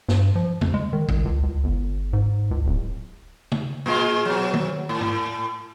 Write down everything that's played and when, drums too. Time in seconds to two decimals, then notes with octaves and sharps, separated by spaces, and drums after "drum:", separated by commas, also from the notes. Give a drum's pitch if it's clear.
0.09 G2, drum: snare
0.35 F3
0.61 F2, drum: tom C#3
0.74 G#3
0.93 D#3
1.09 C2, drum: kick
1.25 C#2
1.43 C#2
1.64 G1
2.13 G#2
2.51 C#2
2.66 D1
3.52 drum: tom C#3
3.86 A#2 G#3 F4
4.25 B2 F#3
4.54 drum: tom D#3
4.89 A2
5.01 drum: tom